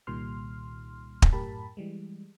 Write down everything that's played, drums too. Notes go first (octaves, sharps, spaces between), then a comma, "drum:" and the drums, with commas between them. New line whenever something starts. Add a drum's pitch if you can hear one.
C2 A#2 D#3 G3 C6 F6
drum: kick
F#2 A2 G4 A#4 A5 B5
E3 G3 G#3